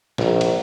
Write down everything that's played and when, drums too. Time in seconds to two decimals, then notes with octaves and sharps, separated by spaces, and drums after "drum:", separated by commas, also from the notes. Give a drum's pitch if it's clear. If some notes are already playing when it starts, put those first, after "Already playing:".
0.18 A#1, drum: snare
0.41 drum: cymbal